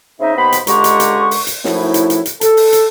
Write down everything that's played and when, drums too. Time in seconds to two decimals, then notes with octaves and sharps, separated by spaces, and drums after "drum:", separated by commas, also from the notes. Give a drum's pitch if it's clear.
0.20 C#3 C4 D#4 D#5 E5
0.36 D#2 B3 C5 B5
0.52 drum: hi-hat
0.67 C#2 D3 G#3 G4 A#5 C#6, drum: hi-hat
0.84 drum: hi-hat
1.00 drum: hi-hat
1.31 drum: open hi-hat
1.47 drum: hi-hat
1.65 F#2 A2 F3 A3 D#4 E4, drum: snare
1.94 drum: hi-hat
2.10 drum: hi-hat
2.25 drum: hi-hat
2.41 A4, drum: hi-hat
2.57 drum: open hi-hat
2.73 drum: hi-hat